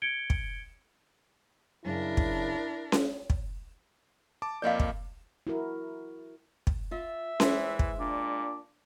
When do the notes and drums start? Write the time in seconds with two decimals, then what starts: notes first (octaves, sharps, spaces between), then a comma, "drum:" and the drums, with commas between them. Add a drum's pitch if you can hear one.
0.02 G#6 C#7 D7 G7
0.30 drum: kick
1.85 F#2 C#3 D4 E4 A#4
2.17 drum: kick
2.92 drum: snare C#4
3.30 drum: kick
4.42 A5 D6
4.62 F2 A#3 D5 D#5 F5 G6
4.80 drum: kick
5.47 E4 F#4 A#4
6.67 drum: kick
6.91 F4 E5
7.40 E3 G#3 C5, drum: snare C#4
7.79 drum: kick
7.99 A#2 D4